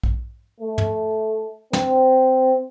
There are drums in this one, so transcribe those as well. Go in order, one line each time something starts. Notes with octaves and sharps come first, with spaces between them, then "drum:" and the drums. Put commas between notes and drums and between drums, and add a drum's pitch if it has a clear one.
drum: kick A#1
A3
drum: tom
C4, drum: snare